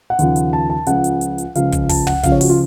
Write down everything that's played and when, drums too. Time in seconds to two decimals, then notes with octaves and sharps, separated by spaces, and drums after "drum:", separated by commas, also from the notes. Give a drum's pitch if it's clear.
0.10 F#5
0.19 D#2 C#3 F3, drum: hi-hat
0.36 drum: hi-hat
0.53 A5
0.70 A5
0.86 C#2 C#3 F3 F#5, drum: hi-hat
1.04 drum: hi-hat
1.21 drum: hi-hat
1.38 drum: hi-hat
1.55 C#2 C#3 F3 F5, drum: hi-hat
1.72 drum: kick, hi-hat
1.89 A5, drum: kick, open hi-hat
2.07 F#5, drum: tom
2.23 C#2 C#3 F3 F5, drum: kick, hi-hat
2.32 C#5
2.41 F#4, drum: open hi-hat
2.50 F4